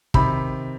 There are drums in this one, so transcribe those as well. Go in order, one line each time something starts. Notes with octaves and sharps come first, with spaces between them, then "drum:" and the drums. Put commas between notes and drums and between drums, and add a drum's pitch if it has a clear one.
C3 D#3 B5, drum: kick